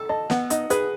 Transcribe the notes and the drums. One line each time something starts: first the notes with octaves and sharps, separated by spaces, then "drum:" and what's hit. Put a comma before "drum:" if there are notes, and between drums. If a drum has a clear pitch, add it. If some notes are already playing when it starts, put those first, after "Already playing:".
Already playing: A4 E6
D#5 A5
B3 F#5, drum: snare
D#4 D#5, drum: hi-hat
G#4 B4, drum: hi-hat